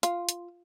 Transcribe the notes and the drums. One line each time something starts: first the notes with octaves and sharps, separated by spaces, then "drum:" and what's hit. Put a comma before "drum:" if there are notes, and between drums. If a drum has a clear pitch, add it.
F4, drum: hi-hat
drum: hi-hat